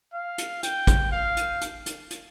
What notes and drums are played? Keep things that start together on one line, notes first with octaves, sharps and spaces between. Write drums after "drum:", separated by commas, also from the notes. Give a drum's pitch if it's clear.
F5
drum: hi-hat
G5, drum: hi-hat
drum: kick, hi-hat
F5
drum: hi-hat
drum: hi-hat
drum: hi-hat
drum: hi-hat